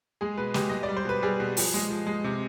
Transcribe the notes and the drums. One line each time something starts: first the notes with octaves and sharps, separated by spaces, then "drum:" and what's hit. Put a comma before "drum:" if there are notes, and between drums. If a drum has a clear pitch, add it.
G#3 G#4
B2 B4
G#3 G4, drum: snare
G#3 D#5
D5
G3
C5
B2 B4
G3 G#4
B2
F3, drum: open hi-hat
G#3
F3
G#3
C3